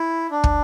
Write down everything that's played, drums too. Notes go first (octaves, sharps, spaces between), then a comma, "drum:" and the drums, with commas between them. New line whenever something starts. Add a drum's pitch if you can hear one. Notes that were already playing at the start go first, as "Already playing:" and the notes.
Already playing: E4
D4
drum: kick